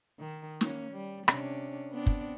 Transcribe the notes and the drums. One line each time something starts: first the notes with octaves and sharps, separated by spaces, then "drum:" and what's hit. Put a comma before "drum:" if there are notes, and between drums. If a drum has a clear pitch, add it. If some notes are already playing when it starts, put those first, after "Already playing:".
D#3
A#3 C#4, drum: snare
G3
C3 C#4 D4, drum: rim click
B3 C4 D4
drum: kick